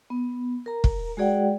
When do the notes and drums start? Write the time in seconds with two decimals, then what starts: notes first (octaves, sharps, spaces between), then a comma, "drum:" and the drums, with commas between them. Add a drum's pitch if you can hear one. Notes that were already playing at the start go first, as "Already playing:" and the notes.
0.10 B3
0.66 A#4 A#5
0.84 drum: kick
1.17 G#3 F#4 G#4 D5 F#5 G5